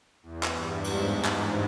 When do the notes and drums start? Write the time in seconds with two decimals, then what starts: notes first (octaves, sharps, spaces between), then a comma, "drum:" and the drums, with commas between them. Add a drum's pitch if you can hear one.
0.23 E2
0.43 drum: clap
0.53 G2
0.84 G#2, drum: cymbal
1.25 drum: clap